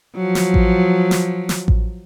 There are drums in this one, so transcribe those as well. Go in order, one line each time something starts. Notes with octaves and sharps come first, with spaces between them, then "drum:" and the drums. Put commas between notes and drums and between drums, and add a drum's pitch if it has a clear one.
F3 F#3
drum: snare
drum: kick A1
drum: snare
drum: snare
drum: kick A1